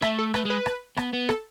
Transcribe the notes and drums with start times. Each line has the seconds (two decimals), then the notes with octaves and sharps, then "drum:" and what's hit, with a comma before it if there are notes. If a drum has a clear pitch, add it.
0.02 A3 E5, drum: rim click
0.19 A4
0.34 A3 B4, drum: rim click
0.45 G#3
0.50 B4
0.66 drum: rim click
0.97 B3, drum: rim click
1.13 B3
1.29 A4, drum: rim click